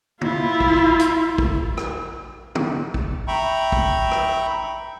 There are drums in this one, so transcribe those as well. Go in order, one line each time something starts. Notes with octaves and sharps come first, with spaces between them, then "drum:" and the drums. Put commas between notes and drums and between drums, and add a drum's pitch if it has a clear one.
E4 F4, drum: tom
drum: kick
drum: hi-hat
drum: kick
drum: rim click
drum: tom
drum: kick
E5 G5 A#5 B5 C#6
drum: kick
drum: rim click